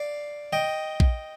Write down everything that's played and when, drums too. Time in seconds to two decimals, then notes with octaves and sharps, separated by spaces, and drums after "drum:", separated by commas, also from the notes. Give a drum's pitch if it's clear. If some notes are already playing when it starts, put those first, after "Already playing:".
Already playing: D5 F5
0.53 D#5 G5
1.00 drum: kick A#1